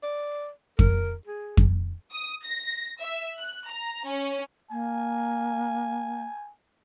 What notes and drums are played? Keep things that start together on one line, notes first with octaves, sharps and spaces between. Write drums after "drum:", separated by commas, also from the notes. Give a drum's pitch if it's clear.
D5
A#4, drum: kick F2
G#4
drum: kick F2
D#6
A#6
E5
F#6
A#5
C#4
A#3 G#5